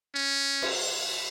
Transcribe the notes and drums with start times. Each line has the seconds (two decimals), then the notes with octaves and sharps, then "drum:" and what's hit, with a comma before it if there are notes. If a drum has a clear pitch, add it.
0.15 C#4
0.62 drum: cymbal